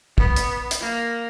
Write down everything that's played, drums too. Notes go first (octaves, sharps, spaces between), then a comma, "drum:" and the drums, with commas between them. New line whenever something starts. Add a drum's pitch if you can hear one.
B3, drum: kick
drum: hi-hat
drum: hi-hat
A#3